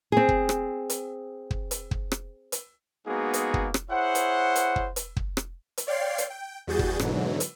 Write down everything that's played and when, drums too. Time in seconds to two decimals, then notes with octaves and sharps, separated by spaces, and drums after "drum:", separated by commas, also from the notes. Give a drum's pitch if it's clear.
0.12 C4 G#4
0.29 drum: kick
0.49 drum: rim click
0.90 drum: hi-hat
1.51 drum: kick
1.71 drum: hi-hat
1.91 drum: kick
2.12 drum: rim click
2.52 drum: hi-hat
3.07 G#3 A#3 B3 D#4 F#4 G#4
3.34 drum: hi-hat
3.54 drum: kick
3.74 drum: rim click
3.90 E4 G#4 C5 C#5 F#5
4.15 drum: hi-hat
4.56 drum: hi-hat
4.76 drum: kick
4.96 drum: hi-hat
5.17 drum: kick
5.37 drum: rim click
5.78 drum: hi-hat
5.87 C#5 D5 F5 G5 C6 C7
6.18 drum: hi-hat
6.30 G5
6.67 E2 G3 F#4 G#4 G6 A6
6.79 drum: kick
6.99 G#2 B2 D3 E3 F#3, drum: rim click
7.40 drum: hi-hat